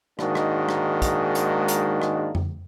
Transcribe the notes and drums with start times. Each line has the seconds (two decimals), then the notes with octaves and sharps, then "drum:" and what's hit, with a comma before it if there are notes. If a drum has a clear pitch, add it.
0.19 G#2 D#3 G#3 A#3 D4 F#4, drum: rim click
0.35 drum: rim click
0.69 drum: rim click
1.02 drum: kick, hi-hat
1.35 drum: hi-hat
1.68 drum: hi-hat
2.02 drum: rim click
2.35 drum: tom F2